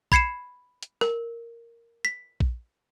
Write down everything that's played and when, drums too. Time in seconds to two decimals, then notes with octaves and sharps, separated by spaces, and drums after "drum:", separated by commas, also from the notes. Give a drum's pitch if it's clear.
0.12 B5 G#6 C7 C#7 E7, drum: kick A#1
0.83 drum: hi-hat
1.01 A#4, drum: rim click
2.05 B6
2.40 drum: kick A#1